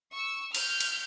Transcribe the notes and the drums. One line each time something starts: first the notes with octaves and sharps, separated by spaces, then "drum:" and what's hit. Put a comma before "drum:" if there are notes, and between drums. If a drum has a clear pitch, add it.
C#6 E6
F6 G6, drum: cymbal
drum: cymbal